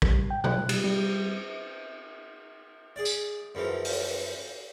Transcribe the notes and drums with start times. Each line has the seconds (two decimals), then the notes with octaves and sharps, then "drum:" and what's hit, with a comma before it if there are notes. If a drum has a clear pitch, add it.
0.02 G3, drum: kick
0.30 G5
0.44 F#6, drum: tom B2
0.69 G3, drum: cymbal
0.84 G3
2.96 G#4 D5
3.05 drum: tambourine
3.55 F#2 C#3 E3 F3
3.85 drum: open hi-hat